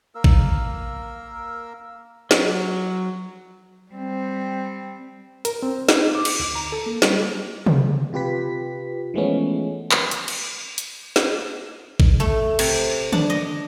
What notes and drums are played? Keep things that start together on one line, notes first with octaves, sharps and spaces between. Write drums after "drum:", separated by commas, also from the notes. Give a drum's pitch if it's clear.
A#3 A#4 E6
drum: kick A1
F#3, drum: snare
G3 C4
A#4, drum: hi-hat
C4
D#4, drum: snare
D6
drum: cymbal
D2
A#5
A4
A#3
G3, drum: snare
drum: tom C3
C3 F4 G4 B4 B6
E3 F3 G#3 A3 B3 C#4
drum: clap
drum: hi-hat
drum: cymbal
drum: hi-hat
drum: snare
drum: kick A1
A3
C3, drum: cymbal
D4, drum: tom D3
D#5